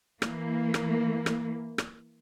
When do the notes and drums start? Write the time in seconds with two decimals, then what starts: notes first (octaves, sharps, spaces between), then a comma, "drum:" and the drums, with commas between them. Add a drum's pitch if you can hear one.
0.22 E3 A#3, drum: rim click
0.74 drum: rim click
1.26 drum: rim click
1.78 drum: rim click